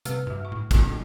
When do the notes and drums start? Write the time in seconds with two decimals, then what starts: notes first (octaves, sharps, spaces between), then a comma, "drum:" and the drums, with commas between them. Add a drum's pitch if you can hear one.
0.05 C3 G3 A3 B4, drum: hi-hat
0.27 G2 F#4 E5
0.40 A3 C#6
0.52 A2
0.71 A#2 F3 F#4 A4, drum: kick, hi-hat